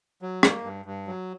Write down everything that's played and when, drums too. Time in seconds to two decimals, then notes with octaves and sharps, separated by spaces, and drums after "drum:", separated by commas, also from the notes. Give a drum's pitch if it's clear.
0.22 F#3
0.43 A#3, drum: rim click
0.64 G2
0.86 G2
1.07 F#3